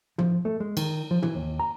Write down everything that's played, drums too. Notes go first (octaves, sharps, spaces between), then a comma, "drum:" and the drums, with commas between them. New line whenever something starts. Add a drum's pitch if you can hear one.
F3, drum: tom
A3
G#3
D#3, drum: cymbal
F3
E3, drum: tom
D#2
A#5